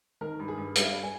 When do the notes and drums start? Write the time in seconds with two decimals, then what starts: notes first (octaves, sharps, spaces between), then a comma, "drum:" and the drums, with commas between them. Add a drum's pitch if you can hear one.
0.21 D#3 A#4
0.39 G2
0.48 G#4
0.57 G2
0.75 G3 F5, drum: hi-hat
1.03 G#5